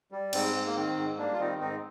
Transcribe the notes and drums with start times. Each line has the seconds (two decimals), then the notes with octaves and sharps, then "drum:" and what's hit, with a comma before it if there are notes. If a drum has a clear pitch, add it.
0.11 G3
0.33 G#2 C4, drum: cymbal
0.54 G#2
0.66 A#3
0.76 D#3 C4
0.97 G#2
1.18 G3 A#3 D4
1.33 F4
1.39 D#3 C4 D#4
1.61 G#2 C4 D#4